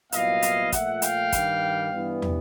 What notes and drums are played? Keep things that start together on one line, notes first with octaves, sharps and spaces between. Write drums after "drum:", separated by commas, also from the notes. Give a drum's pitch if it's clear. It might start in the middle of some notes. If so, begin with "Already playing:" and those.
C2 A#2 F#3 B3 E4 D#5 F5, drum: hi-hat
drum: hi-hat
A#2 F3 A3 E5 F#5, drum: kick, hi-hat
F5 G5, drum: hi-hat
G2 D#3 G3, drum: kick, hi-hat
G2 E3 G3 B3
drum: tom